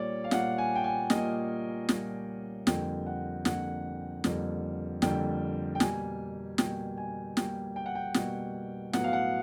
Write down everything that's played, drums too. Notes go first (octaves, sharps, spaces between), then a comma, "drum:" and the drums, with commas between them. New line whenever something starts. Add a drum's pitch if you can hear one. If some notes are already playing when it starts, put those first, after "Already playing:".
Already playing: A#2 G3 A#3 C#5 D5
F5
A#2 G3 A#3 F#5, drum: snare
G#5
G5
G#5
A#2 G3 A#3 D#5, drum: snare
A#2 G3 A#3, drum: snare
F2 D3 G3 A#3 G5, drum: snare
F#5
F2 D3 G3 A#3 F#5, drum: snare
F2 D3 G3 A#3, drum: snare
F2 D3 G3 A#3 G5, drum: snare
G5
B2 G3 A#3 G#5, drum: snare
B2 G3 A#3 G5, drum: snare
G#5
B2 G3 A#3 G5, drum: snare
G5
F#5
G5
B2 G3 A#3, drum: snare
A2 F#3 B3 F#5, drum: snare
F5
F#5